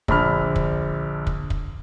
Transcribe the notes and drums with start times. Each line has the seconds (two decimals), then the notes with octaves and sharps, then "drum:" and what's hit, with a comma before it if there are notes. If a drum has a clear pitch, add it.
0.08 A#1 D3 B5 F6, drum: kick
0.56 drum: kick
1.27 drum: kick
1.50 drum: kick